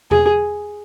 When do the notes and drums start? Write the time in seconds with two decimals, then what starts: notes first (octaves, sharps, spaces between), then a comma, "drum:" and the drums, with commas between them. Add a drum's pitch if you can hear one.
0.11 G#4, drum: tom E2